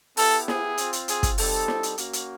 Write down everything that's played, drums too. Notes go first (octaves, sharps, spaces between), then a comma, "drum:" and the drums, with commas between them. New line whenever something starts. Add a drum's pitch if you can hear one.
B3 E4 G4 A4, drum: open hi-hat
G#4, drum: snare
C4 F4, drum: hi-hat
drum: hi-hat
G#4, drum: hi-hat
drum: kick, hi-hat
G3 C4 D#4 G4 A4, drum: open hi-hat
drum: snare
drum: hi-hat
A#3 C#4 F#4, drum: hi-hat
drum: hi-hat